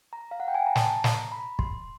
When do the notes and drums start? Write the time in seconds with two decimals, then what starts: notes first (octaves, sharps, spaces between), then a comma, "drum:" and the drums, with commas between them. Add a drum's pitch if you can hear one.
0.13 A#5
0.31 F5
0.40 F#5
0.48 G5
0.55 G#5
0.66 A#5
0.75 A5, drum: snare
1.04 A#5, drum: snare
1.32 B5
1.59 C6, drum: kick